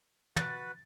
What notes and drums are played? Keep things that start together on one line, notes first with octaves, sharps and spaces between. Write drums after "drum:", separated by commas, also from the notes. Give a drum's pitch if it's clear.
F#4 B4 A6, drum: tom